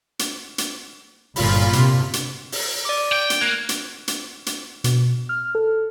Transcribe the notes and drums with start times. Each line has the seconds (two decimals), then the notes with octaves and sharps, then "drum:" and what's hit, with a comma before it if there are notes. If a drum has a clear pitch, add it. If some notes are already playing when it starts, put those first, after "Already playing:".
0.19 drum: hi-hat
0.58 drum: hi-hat
1.36 G1 A#2 F4 B5, drum: open hi-hat
1.73 C3, drum: hi-hat
2.13 drum: hi-hat
2.52 drum: open hi-hat
2.85 D5 D6
3.12 G5
3.30 drum: hi-hat
3.41 A#3 F#6 G#6
3.69 drum: hi-hat
4.08 drum: hi-hat
4.46 drum: hi-hat
4.84 B2, drum: hi-hat
5.29 F6
5.55 A4